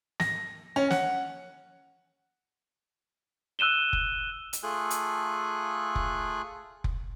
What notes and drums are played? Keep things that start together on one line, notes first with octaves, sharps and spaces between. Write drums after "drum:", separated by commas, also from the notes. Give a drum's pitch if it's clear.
A#6, drum: snare
C#4
F#5, drum: snare
E6 F#6 D#7 E7 G7
drum: kick F1
drum: hi-hat
A3 F4 G#4 A4 G#5 F#6
drum: hi-hat
drum: kick F1
drum: kick F1